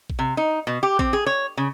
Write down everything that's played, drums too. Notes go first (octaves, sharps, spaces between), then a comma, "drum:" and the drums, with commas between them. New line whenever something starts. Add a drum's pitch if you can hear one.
drum: kick A1
C3
D#4
B2
G4
C4, drum: kick A1
G#4
C#5
C#3